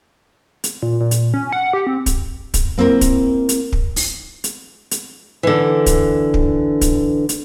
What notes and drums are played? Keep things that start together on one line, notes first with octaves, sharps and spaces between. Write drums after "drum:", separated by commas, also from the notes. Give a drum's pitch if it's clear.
drum: hi-hat
A#2
A#2
drum: hi-hat
C#4
F#5
G4
C4
drum: kick, hi-hat
drum: kick, hi-hat
A#3 C4 E4 A#4
drum: kick, hi-hat
drum: hi-hat
drum: kick
drum: open hi-hat
drum: hi-hat
drum: hi-hat
D3 E3
drum: kick, hi-hat
drum: kick
drum: kick, hi-hat
drum: hi-hat